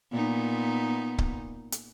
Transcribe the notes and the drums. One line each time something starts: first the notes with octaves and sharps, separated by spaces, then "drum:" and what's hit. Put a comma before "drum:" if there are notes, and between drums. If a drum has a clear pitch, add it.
A#2 B3 D#4
drum: kick C#1
drum: hi-hat